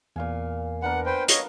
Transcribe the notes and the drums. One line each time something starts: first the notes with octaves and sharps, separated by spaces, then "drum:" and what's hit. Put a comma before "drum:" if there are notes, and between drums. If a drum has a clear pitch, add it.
E2 A#2 F5 G#5
B3 D4 A#4 F#5
B4 C5 G5
F3 C#5 D#5, drum: hi-hat